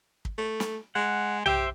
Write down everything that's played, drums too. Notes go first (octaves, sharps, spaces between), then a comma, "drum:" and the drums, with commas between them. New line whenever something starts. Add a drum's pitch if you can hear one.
drum: kick
A3
drum: snare
G#3 F#5
G4 C5 E5 G5, drum: tom B1